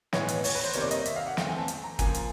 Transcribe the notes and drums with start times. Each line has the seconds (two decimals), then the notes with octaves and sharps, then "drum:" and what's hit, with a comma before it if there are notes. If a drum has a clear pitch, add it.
0.13 A2 E3 G#3 B3 C#5, drum: snare
0.28 drum: hi-hat
0.44 C#5, drum: open hi-hat
0.55 B4
0.64 C5
0.73 C3 D#3 G3 A#3 C#5, drum: hi-hat
0.81 D5
0.91 D#5, drum: hi-hat
1.05 E5, drum: hi-hat
1.16 F5
1.27 F#5
1.37 E3 A3 C4 G5, drum: snare
1.47 G#5
1.57 A5
1.68 drum: hi-hat
1.84 A#5
1.99 C#3 F3 A#3 G#5, drum: kick, hi-hat
2.14 drum: hi-hat